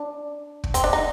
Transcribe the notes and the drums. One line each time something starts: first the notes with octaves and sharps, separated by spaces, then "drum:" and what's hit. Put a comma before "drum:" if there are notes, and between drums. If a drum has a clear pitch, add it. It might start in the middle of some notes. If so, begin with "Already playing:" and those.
Already playing: D4
drum: kick
C4, drum: hi-hat
D4
D#4